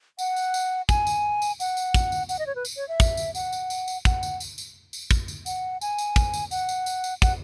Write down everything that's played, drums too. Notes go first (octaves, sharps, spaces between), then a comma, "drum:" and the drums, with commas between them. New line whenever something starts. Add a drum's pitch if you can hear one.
F#5, drum: tambourine
drum: tambourine
drum: tambourine
G#5, drum: kick, tambourine
drum: tambourine
drum: tambourine
F#5, drum: tambourine
drum: tambourine
drum: kick, tambourine
drum: tambourine
F#5, drum: tambourine
D#5
C#5
B4
drum: tambourine
C#5
E5
drum: kick, tambourine
drum: tambourine
F#5, drum: tambourine
drum: tambourine
drum: tambourine
drum: tambourine
F#5, drum: kick, tambourine
drum: tambourine
drum: tambourine
drum: tambourine
drum: tambourine
drum: kick, tambourine
drum: tambourine
F#5, drum: tambourine
G#5, drum: tambourine
drum: tambourine
drum: kick, tambourine
drum: tambourine
F#5, drum: tambourine
drum: tambourine
drum: tambourine
drum: tambourine
F#5, drum: kick, tambourine